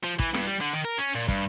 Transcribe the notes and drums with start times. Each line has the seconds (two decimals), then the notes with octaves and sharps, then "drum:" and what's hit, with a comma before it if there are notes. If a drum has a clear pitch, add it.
0.04 F3
0.19 E3, drum: kick
0.34 G2, drum: snare
0.47 G3
0.61 D3
0.73 D#3
0.85 A#4
0.98 C#4
1.15 A#2
1.28 G2, drum: kick